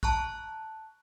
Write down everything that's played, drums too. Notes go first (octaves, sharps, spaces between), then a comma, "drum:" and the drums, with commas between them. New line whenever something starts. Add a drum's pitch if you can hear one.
A5 A#5 C#6 F#6, drum: kick